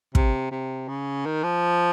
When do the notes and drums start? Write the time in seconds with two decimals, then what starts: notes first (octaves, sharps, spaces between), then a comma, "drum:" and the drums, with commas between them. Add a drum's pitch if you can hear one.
0.15 C3, drum: kick
0.51 C3
0.88 C#3
1.26 D#3
1.44 F3